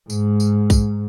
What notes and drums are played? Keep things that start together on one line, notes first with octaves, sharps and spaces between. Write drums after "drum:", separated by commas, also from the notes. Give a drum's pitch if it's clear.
G#2, drum: tambourine
drum: tambourine
drum: kick A#1, tambourine